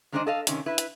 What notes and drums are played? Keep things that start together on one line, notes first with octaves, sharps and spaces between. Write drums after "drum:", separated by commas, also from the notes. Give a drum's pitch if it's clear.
D#3 G#3 D4 C5 D5 D#5
A4 D#5 F5
C3 D#3 C#4, drum: hi-hat
E4 B4
drum: hi-hat